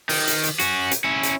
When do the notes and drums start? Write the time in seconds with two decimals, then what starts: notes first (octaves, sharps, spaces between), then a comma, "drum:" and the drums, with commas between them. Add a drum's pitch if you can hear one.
0.09 D#3, drum: open hi-hat
0.28 drum: hi-hat
0.44 drum: hi-hat
0.59 C#4 F#4, drum: hi-hat
0.91 drum: hi-hat
1.04 C#4 E4
1.23 drum: hi-hat